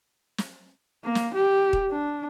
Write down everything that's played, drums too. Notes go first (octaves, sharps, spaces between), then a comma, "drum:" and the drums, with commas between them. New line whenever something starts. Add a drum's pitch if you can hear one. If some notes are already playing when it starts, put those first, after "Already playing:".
drum: snare
A#3
drum: snare
G4
drum: kick D#1
D4